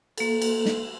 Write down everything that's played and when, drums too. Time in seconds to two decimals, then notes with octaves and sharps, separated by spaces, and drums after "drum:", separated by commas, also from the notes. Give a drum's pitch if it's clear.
0.18 A#3 A4, drum: cymbal
0.42 drum: cymbal
0.66 drum: snare